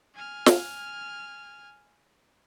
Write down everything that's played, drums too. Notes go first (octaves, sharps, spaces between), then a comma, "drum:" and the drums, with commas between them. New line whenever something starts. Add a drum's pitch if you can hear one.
G#5 F6
drum: snare